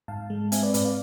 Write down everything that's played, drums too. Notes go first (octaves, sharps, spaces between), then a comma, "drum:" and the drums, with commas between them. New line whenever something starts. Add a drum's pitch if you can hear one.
G#2 F5 A5
G#3
C4 E5 G#5, drum: hi-hat
B4 D5
G#2 B4 D5, drum: hi-hat
D5 F5